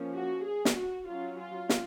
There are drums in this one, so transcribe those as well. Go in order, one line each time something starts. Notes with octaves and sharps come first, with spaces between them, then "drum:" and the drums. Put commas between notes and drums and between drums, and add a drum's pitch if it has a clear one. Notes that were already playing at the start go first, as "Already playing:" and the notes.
Already playing: F3 A#3 C#4
F#4
G#4
drum: snare
F#4
F#3 C#4 F4
F4
drum: snare